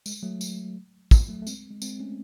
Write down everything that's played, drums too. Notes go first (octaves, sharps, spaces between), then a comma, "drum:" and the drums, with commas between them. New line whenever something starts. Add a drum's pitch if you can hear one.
G#3, drum: tambourine
F#3 A3
drum: tambourine
drum: kick, tambourine
F#3 A3
A3
G#3 C4, drum: tambourine
G#3
G#3 C4, drum: tambourine
A3 C#4